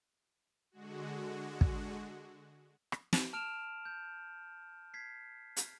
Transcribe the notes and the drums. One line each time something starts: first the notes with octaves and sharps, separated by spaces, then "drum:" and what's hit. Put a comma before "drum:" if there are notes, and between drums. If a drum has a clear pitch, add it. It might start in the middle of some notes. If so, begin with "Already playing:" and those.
D3 G#3 F#4
drum: kick
drum: rim click
drum: snare
A5 F6 D7 E7 F7
G6
G#6 B6 C7
drum: hi-hat